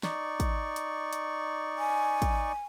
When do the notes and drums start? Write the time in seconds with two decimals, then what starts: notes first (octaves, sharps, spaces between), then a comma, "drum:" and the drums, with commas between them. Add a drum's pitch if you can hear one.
0.03 D#4 D5 C#6, drum: snare
0.40 drum: kick, hi-hat
0.76 drum: hi-hat
1.13 drum: hi-hat
1.78 G#5
2.22 drum: kick, hi-hat